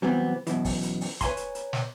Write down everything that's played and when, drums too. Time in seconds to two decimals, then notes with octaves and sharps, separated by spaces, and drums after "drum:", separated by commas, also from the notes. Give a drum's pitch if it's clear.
0.02 C3 E3 F#3 G3 B3 C4
0.47 F#2 B2 E3, drum: hi-hat
0.65 drum: kick, open hi-hat
0.83 drum: hi-hat
1.01 drum: open hi-hat
1.21 B4 C#5 F5 G#5 A#5 C6, drum: kick, hi-hat
1.37 drum: hi-hat
1.55 drum: hi-hat
1.73 drum: snare